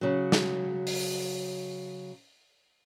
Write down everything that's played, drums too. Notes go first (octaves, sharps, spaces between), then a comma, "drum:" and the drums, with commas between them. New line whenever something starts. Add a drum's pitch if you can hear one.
C#3 F#3
drum: snare
drum: open hi-hat